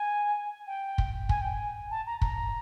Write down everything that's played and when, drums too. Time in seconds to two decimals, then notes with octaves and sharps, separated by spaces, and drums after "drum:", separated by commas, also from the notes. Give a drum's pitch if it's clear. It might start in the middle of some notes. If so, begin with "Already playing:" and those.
Already playing: G#5
0.67 G5
0.98 drum: kick
1.29 G#5, drum: kick
1.41 G5
1.54 G#5
1.91 A5
2.06 A#5
2.22 A#5, drum: kick